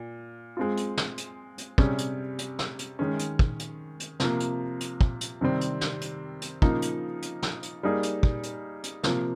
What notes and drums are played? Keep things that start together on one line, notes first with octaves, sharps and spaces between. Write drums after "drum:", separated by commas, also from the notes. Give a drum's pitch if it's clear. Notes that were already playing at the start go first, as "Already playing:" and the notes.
Already playing: A#2
G#3 C4 F4
drum: hi-hat
drum: snare
drum: hi-hat
drum: hi-hat
C3 G3 C#4 G#4, drum: kick
drum: hi-hat
drum: hi-hat
drum: snare
drum: hi-hat
D#3 G#3 C#4
drum: hi-hat
drum: kick
drum: hi-hat
drum: hi-hat
C3 F3 A#3, drum: snare
drum: hi-hat
drum: hi-hat
drum: kick
drum: hi-hat
C3 D#3 G3 C4
drum: hi-hat
drum: snare
drum: hi-hat
drum: hi-hat
C#3 F3 A#3 D#4, drum: kick
drum: hi-hat
drum: hi-hat
drum: snare
drum: hi-hat
G3 A#3 D#4 G#4
drum: hi-hat
drum: kick
drum: hi-hat
drum: hi-hat
C3 F3 A#3, drum: snare